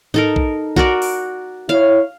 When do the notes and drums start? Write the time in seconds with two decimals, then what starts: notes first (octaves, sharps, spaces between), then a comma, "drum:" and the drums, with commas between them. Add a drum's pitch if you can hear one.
0.14 D#4 A4 A#4, drum: tom G#2
0.36 drum: kick A#1
0.76 F#4 A#4 D5, drum: kick A#1
1.02 drum: open hi-hat
1.69 E4 C#5 F5